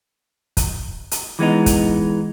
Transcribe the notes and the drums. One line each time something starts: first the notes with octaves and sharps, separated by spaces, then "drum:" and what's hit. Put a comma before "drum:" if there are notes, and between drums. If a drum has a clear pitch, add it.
drum: kick, hi-hat
drum: hi-hat
E3 G#3 B3 D#4
drum: kick, hi-hat